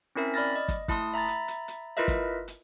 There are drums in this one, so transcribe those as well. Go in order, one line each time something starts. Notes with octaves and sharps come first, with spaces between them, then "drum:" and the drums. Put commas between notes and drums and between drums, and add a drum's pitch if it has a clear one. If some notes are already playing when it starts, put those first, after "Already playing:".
C4 C#4 E4 A#4 E5
D5 B5 F6 A6 A#6
D#5
drum: kick, hi-hat
A3 E4 A5 C6 D#6, drum: kick, hi-hat
E5 A#5 B5 A6
drum: hi-hat
drum: hi-hat
drum: hi-hat
E4 F4 A#4 B4 D#5 E5
drum: kick, hi-hat
drum: hi-hat